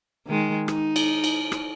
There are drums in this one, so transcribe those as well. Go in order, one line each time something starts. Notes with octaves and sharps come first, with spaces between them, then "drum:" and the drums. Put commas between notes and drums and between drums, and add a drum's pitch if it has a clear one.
D#3 G#3
D#4, drum: rim click
drum: cymbal
drum: cymbal
drum: rim click